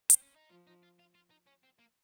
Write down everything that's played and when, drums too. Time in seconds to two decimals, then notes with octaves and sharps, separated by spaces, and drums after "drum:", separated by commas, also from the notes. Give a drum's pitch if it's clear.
0.10 C4, drum: hi-hat
0.22 C#4
0.36 D#4
0.49 F3 F4
0.67 D#4
0.83 F4
0.99 F4
1.15 F4
1.30 D#4
1.47 C#4
1.64 C4
1.79 A#3